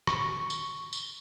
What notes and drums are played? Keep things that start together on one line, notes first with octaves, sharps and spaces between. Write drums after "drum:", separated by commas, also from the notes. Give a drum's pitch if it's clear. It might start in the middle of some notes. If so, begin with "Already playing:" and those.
C#6, drum: rim click
drum: tambourine
drum: tambourine